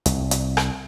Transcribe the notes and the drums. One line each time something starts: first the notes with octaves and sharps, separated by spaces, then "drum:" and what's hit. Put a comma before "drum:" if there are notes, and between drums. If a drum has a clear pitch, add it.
C2, drum: hi-hat
drum: hi-hat
drum: rim click